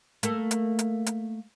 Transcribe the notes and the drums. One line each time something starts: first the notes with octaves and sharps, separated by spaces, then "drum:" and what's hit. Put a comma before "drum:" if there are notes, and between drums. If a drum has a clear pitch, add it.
A3 A#3 A4, drum: hi-hat
drum: hi-hat
drum: hi-hat
drum: hi-hat